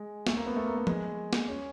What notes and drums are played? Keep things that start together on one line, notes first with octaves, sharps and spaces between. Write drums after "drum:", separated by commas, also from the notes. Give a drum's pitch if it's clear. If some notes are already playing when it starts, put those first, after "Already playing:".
Already playing: G#3
A3, drum: snare
A#3
B3
A3
A#3
A3
G#3, drum: tom
drum: snare
C#4